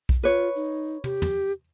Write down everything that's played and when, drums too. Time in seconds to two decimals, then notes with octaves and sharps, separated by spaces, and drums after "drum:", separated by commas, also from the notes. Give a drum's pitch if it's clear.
0.09 drum: kick B1
0.23 F4 B4 C#5
0.56 D#4
1.04 G4, drum: tom
1.22 drum: tom